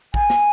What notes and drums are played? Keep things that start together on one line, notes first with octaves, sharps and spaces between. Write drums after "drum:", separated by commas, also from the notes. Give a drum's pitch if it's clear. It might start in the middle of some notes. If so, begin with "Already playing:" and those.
G#5, drum: kick A1
drum: snare